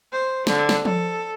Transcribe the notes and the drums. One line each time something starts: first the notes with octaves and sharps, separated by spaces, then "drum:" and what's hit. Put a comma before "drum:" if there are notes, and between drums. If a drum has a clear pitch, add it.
C5
D3, drum: snare
drum: snare
A4, drum: tom F3